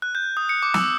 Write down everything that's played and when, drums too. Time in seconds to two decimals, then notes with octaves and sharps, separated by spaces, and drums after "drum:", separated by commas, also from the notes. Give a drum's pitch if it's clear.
0.02 F#6
0.15 G6
0.37 D#6
0.49 C#7
0.63 D6
0.74 E6, drum: snare